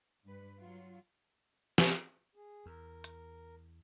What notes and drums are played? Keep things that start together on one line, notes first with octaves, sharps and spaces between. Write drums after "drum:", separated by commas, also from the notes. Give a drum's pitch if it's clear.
G2 B4
F#3 F4
drum: snare
G#4
E2 A#4
drum: hi-hat